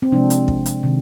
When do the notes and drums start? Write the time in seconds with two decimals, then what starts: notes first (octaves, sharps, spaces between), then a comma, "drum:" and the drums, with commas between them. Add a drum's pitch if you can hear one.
0.02 C4
0.12 C3 F3 G#3 D4
0.30 drum: hi-hat
0.48 drum: kick
0.66 drum: hi-hat
0.83 C3 D#3